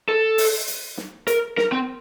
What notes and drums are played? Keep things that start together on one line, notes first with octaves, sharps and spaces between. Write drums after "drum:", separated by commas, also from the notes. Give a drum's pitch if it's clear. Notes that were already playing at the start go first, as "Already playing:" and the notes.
A4
drum: open hi-hat
drum: hi-hat
drum: snare
A#4, drum: hi-hat
A#4, drum: snare
C4